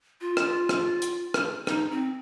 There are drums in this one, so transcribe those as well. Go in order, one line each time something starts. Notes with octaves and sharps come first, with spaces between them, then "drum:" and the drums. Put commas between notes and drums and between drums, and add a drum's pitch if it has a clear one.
F4
drum: rim click
drum: rim click
drum: hi-hat
drum: rim click
D#4, drum: rim click
C4